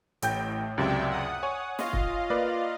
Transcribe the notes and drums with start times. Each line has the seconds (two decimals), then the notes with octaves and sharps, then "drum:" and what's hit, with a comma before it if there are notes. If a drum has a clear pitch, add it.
0.22 A1 A2 G5 G6, drum: hi-hat
0.78 C#2 F#2 C3 D5 E5 G5
1.11 F#5 D#6
1.43 C#5 G#5
1.79 F4 D#5 F5, drum: snare
1.93 drum: kick
2.30 A#3 B4 D5